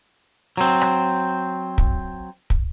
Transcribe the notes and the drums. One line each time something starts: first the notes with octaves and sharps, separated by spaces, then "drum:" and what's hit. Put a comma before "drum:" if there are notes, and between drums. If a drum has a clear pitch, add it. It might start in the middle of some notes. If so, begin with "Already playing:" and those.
F#3 C4
drum: rim click
drum: kick
drum: kick